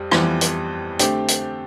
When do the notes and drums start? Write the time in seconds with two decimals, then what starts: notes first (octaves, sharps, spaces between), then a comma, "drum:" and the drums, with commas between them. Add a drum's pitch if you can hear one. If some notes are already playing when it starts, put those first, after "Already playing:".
Already playing: F2 G3
0.11 F2 E3 G3 B3, drum: rim click
0.41 drum: hi-hat
0.99 D3 A3 C4 G4, drum: hi-hat
1.28 drum: hi-hat